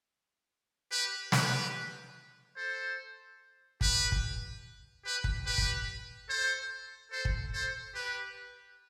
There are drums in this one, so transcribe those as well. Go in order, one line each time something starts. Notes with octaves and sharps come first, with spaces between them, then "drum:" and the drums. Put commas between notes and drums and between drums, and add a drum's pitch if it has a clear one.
G4 B4
G4 B4, drum: snare
A4 C5
G4 B4, drum: kick
drum: kick
G4 B4
drum: kick
G4 B4
drum: kick
A4 C5
A4 C5
drum: kick
A4 C5
G4 B4